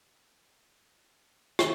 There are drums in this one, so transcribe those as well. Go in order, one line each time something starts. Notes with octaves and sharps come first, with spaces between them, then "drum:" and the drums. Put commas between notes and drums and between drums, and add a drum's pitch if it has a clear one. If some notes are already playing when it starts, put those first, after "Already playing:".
Already playing: C#3 G3 A#3 C#4
C#5
B4
A#4
G4
F#4
E4
F#4
F#4
drum: rim click